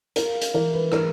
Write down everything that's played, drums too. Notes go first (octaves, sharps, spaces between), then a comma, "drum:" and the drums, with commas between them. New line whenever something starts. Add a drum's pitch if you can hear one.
F4 A#4, drum: hi-hat
drum: hi-hat
E3 A#4
B4
G#3 A#4, drum: rim click